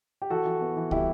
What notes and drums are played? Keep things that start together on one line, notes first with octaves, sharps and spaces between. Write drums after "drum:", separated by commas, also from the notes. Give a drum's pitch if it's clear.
G4
E3 F#4 A4
E3
B3
E3
G3 E4 G4, drum: kick